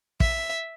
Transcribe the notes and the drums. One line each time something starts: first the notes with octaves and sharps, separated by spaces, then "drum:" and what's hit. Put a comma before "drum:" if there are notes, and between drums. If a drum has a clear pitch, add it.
E5, drum: kick